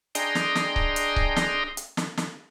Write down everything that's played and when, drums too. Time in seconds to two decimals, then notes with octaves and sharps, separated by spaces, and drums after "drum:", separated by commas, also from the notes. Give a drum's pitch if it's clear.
0.15 D4 G#4 D#5 G5 A#5 C6, drum: hi-hat
0.35 drum: snare
0.56 drum: snare
0.76 drum: kick C#1
0.96 drum: hi-hat
1.16 drum: kick C#1
1.37 drum: snare
1.77 drum: hi-hat
1.97 drum: snare
2.18 drum: snare